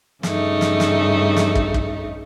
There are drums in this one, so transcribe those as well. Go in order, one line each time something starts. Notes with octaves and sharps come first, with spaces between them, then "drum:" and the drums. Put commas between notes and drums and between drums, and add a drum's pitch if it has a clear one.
G2 C#3 A3 D#4, drum: snare
drum: snare
drum: snare
drum: snare
drum: kick
drum: kick